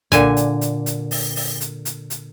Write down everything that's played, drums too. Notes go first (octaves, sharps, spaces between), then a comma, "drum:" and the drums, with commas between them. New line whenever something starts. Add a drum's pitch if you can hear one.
A#2 D3 G#5, drum: kick, hi-hat
drum: hi-hat
drum: hi-hat
drum: hi-hat
drum: open hi-hat
drum: open hi-hat
drum: hi-hat
drum: hi-hat
drum: hi-hat